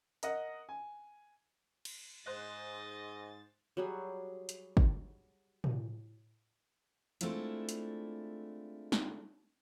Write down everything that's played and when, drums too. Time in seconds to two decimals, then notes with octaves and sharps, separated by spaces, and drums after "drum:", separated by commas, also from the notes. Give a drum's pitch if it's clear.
0.23 A#4 D#5 F#5, drum: hi-hat
0.69 G#5
1.85 drum: cymbal
2.27 G#2 C5 D#5 F#6 A6
3.77 F#3 G3 G#4
4.49 drum: hi-hat
4.77 drum: kick
5.64 drum: tom
7.21 G#3 A3 C4 D4 E4 F4, drum: hi-hat
7.69 drum: hi-hat
8.92 drum: snare